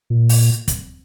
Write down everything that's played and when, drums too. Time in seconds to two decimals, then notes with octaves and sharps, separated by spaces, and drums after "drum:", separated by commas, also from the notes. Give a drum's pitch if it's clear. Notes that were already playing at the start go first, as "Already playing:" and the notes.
0.10 A#2
0.29 drum: open hi-hat
0.68 drum: kick, hi-hat